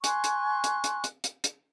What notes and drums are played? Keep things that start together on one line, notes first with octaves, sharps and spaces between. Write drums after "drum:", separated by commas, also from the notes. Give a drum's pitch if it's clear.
G#5 C6 C#6 F#6, drum: hi-hat
drum: hi-hat
drum: hi-hat
drum: hi-hat
drum: hi-hat
drum: hi-hat
drum: hi-hat